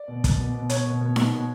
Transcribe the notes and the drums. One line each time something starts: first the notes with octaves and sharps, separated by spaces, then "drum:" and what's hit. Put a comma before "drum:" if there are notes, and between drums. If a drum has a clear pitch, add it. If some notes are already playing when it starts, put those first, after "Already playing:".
Already playing: D5
B2
B2, drum: kick, hi-hat
B2
B2
B2 C#5, drum: hi-hat
B2
B2
B2, drum: snare D#4
B2